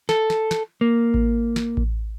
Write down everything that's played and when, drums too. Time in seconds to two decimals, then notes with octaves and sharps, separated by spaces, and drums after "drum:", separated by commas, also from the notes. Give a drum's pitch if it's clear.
0.09 A4, drum: snare
0.30 drum: snare
0.51 drum: snare
0.81 A#3
1.14 drum: kick A1
1.56 drum: snare
1.77 drum: kick A1